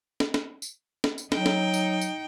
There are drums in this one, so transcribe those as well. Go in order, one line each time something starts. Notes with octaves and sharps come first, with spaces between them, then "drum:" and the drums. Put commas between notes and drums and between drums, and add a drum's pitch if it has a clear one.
drum: snare
drum: snare
drum: tambourine
drum: snare
drum: tambourine
F#3 D#4 G5, drum: snare
drum: snare
drum: tambourine
drum: tambourine